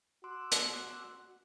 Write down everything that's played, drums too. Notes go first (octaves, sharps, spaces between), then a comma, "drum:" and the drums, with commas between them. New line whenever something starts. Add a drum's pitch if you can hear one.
F#4 C6 D6 E6 F#6
drum: hi-hat